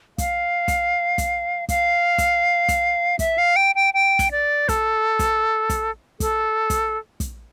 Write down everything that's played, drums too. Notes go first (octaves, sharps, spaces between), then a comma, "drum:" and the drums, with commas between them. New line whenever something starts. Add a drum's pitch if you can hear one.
F5, drum: kick, hi-hat
drum: kick, hi-hat
drum: kick, hi-hat
F5, drum: kick, hi-hat
drum: kick, hi-hat
drum: kick, hi-hat
E5, drum: kick, hi-hat
F5
G5
G5
G5
drum: kick, hi-hat
D5
A4, drum: kick, hi-hat
drum: kick, hi-hat
drum: kick, hi-hat
A4, drum: kick, hi-hat
drum: kick, hi-hat
drum: kick, hi-hat